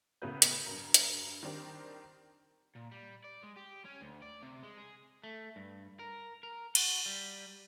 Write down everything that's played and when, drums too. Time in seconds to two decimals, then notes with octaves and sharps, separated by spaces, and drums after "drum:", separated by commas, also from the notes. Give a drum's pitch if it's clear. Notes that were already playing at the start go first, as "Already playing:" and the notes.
0.22 A2 C#3 B3 A#4 B4 G6
0.42 drum: hi-hat
0.66 G2 F#3 A#4
0.94 drum: hi-hat
1.43 D#3 G3 C4 D4 A#4
2.76 A#2
2.92 G3
3.24 D5
3.43 G#3
3.56 G4
3.85 C#4
4.01 D2
4.22 D5
4.42 C3
4.63 G#3
4.77 G#4
5.24 A3
5.56 G2
5.99 A#4
6.43 A#4
6.75 F#4, drum: cymbal
7.06 G3